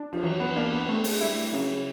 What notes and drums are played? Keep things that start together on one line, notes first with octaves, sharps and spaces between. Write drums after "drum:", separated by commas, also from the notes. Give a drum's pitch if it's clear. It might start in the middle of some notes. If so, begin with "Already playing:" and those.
Already playing: D4
F3, drum: cymbal
E3 F#3
B3
A#3 D4
B3
A3 C4
G#3, drum: open hi-hat
G3 E4
G3
C#3 F#3